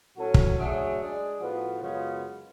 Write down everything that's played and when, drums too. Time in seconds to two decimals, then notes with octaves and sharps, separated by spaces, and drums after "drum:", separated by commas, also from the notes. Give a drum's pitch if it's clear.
0.16 A2 F#3 C#4 F#4 A4
0.34 drum: kick
0.58 C#3 F#3 A3 D4 G#4
0.99 G#3 D4 G#4
1.40 A2 F3 B3 F#4 B4
1.82 F#2 C#3 G#3 B3 F4